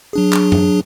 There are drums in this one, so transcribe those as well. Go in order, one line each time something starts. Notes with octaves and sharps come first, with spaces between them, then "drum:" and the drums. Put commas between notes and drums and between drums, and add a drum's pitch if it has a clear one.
F#3 D4 G#4
drum: clap
drum: tom F#2